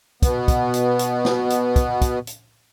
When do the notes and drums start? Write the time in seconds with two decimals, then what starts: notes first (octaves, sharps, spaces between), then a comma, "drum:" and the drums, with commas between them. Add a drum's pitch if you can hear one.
0.22 B2 B3, drum: kick, hi-hat
0.48 drum: kick, hi-hat
0.74 drum: hi-hat
0.99 drum: hi-hat
1.25 drum: snare
1.50 drum: hi-hat
1.76 drum: kick, hi-hat
2.02 drum: kick, hi-hat
2.27 drum: hi-hat